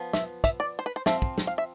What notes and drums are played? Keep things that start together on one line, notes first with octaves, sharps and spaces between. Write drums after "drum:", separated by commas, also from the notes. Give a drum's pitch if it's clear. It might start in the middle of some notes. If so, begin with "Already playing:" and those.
Already playing: F3 B3
E5, drum: snare
E5, drum: kick, hi-hat
D5
C5
B4
C5
F3 C4 E5, drum: snare
drum: kick
drum: snare
F5
E5